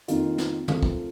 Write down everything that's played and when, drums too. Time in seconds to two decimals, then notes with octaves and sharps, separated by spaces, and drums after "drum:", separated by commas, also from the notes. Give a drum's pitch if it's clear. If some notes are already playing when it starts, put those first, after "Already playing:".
0.08 F2 D#3 A#3 F4, drum: hi-hat
0.38 drum: snare
0.68 F3 A3 C4 F4 A#4, drum: tom
0.83 drum: kick